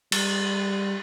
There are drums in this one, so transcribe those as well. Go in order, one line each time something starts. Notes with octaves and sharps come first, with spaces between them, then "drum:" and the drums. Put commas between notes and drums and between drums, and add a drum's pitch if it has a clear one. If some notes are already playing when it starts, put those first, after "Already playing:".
G3, drum: cymbal